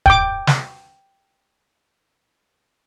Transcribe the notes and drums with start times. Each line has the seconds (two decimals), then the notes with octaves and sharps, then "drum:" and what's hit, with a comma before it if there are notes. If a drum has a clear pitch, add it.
0.06 G5 D6, drum: kick
0.47 drum: snare